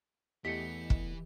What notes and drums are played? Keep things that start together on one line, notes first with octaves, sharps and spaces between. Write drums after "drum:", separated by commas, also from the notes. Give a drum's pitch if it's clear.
E2 E3 A3 G4 D#5 B6 C#7
drum: kick